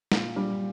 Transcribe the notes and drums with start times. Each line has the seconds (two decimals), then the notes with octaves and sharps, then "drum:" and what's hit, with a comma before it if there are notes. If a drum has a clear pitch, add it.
0.12 A#2, drum: snare
0.36 G3